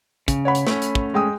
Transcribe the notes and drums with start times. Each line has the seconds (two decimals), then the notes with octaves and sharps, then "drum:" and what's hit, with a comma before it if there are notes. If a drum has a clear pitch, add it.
0.28 C#3, drum: kick, hi-hat
0.45 C#5 F#5 B5
0.55 drum: hi-hat
0.67 A3 C#4, drum: snare
0.82 drum: hi-hat
0.95 drum: kick
1.14 G#3 G5 D#6